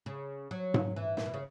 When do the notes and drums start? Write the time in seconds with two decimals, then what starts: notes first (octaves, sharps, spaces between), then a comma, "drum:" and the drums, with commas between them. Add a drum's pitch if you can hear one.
0.06 C#3
0.51 F#3
0.74 drum: tom G#2
0.96 E3
1.17 A#2, drum: snare
1.26 B2
1.34 C#3